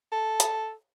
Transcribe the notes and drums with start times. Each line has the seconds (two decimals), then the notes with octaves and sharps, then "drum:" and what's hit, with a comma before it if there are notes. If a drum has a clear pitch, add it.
0.12 A4
0.40 drum: hi-hat